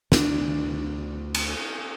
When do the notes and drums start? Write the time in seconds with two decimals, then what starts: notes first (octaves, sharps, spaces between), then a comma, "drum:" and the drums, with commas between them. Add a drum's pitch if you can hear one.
0.12 D2 D4, drum: snare
1.35 drum: cymbal